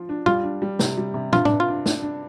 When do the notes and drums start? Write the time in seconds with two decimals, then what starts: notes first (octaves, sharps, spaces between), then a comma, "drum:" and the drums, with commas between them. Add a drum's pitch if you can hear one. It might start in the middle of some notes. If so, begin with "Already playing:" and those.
Already playing: F3 F4
0.09 D4
0.26 G3 F4, drum: tom A#2
0.43 D4
0.62 G3
0.79 C3, drum: snare
0.97 G3
1.14 C3
1.33 G2 F4, drum: tom
1.45 G2 D4, drum: tom A2
1.60 F4
1.68 D4
1.86 D4, drum: snare
2.02 D4